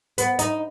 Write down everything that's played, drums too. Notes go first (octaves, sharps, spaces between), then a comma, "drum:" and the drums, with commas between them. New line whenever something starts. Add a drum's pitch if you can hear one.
B3, drum: hi-hat
D#4, drum: hi-hat